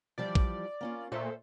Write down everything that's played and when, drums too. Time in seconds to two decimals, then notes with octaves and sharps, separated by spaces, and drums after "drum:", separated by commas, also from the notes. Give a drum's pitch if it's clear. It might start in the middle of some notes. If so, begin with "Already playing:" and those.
0.18 E3 F3 G3 D5
0.35 drum: kick
0.81 A#3 C#4 F4
1.12 A#2 A3 A4 C5 E5